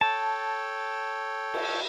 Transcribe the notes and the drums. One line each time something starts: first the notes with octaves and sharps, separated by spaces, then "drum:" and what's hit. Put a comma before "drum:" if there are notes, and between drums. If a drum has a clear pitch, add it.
A4 C#5 G5 A5
drum: cymbal